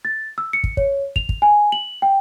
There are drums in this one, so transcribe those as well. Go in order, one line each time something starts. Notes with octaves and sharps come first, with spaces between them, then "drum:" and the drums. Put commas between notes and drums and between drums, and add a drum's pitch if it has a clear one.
A6
E6
C#7
drum: kick
C#5, drum: kick
F7, drum: kick
drum: kick
G#5
F#7
G5